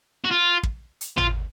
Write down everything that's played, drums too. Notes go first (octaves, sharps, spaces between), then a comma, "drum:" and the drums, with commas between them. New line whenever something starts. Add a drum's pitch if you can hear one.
F#4
F4
drum: kick
drum: hi-hat
F4, drum: tom